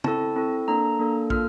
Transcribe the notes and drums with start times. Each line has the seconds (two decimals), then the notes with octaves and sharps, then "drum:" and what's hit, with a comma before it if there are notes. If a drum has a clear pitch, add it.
0.04 C4 E4 A4 A5, drum: tom
0.36 C4 E4 A4
0.68 A#3 D4 A4 A#5
0.99 A#3 D4 A4
1.30 A#3 F4 A4 F6, drum: kick